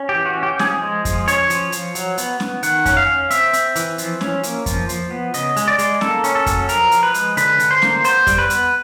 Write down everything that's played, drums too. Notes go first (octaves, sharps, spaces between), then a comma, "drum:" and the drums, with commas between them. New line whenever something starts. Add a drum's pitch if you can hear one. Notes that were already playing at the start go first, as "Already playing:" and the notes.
Already playing: C#4
G4
E3
F#4
C#4
G4
F3 G#4, drum: snare C#4
G#3
F3, drum: kick F2, hi-hat
C#4 C#5, drum: hi-hat
F3, drum: hi-hat
F3, drum: hi-hat
F#3, drum: hi-hat
B3, drum: hi-hat
B3, drum: snare C#4
D#3 F#5, drum: hi-hat
C#4, drum: kick F2, hi-hat
F5
C#4
C4 E5, drum: hi-hat
C4, drum: hi-hat
E3, drum: hi-hat
F3, drum: hi-hat
C#4, drum: snare C#4
A#3, drum: hi-hat
F3, drum: kick F2, hi-hat
F3, drum: hi-hat
B3
C#3 D#5, drum: hi-hat
G#3, drum: hi-hat
D5
G#3, drum: hi-hat
A#3 A4, drum: snare C#4
C#4, drum: hi-hat
A4
F#3, drum: kick F2, hi-hat
F3 A#4, drum: hi-hat
F3, drum: hi-hat
B4
G#3, drum: hi-hat
D3 B4, drum: hi-hat
D3, drum: hi-hat
C5
A#3, drum: snare C#4
B3 C5, drum: hi-hat
G3, drum: kick F2, hi-hat
B4
B3, drum: hi-hat